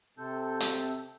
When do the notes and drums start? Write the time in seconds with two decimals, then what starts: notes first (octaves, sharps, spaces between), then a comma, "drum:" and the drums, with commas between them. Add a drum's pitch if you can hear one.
0.18 C3 C4 A4 G6
0.60 drum: hi-hat